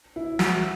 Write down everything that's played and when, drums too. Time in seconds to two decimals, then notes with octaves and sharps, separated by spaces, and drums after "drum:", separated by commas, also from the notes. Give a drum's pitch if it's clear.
0.16 E4
0.39 F#4, drum: snare